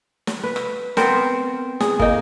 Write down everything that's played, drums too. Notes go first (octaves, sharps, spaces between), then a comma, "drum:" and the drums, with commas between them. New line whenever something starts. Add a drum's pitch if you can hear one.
drum: snare
B4
drum: rim click
B3 C4 A#4 C5, drum: snare
G#4, drum: snare
A#3 D#4, drum: kick